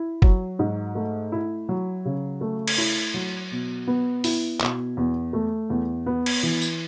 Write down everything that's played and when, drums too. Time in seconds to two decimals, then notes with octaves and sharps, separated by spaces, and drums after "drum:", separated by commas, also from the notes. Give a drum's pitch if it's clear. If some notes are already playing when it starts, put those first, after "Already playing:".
Already playing: E4
0.22 F#3, drum: kick G1
0.59 G#2
0.95 A3
1.32 E4
1.69 F#3
2.05 C#3
2.41 A3
2.68 drum: cymbal
2.78 E4
3.14 F#3
3.51 B2
3.87 B3
4.24 E4, drum: open hi-hat
4.61 B2, drum: clap
4.97 E2
5.33 A3
5.70 E2
6.06 B3
6.26 drum: cymbal
6.43 E3
6.62 drum: tambourine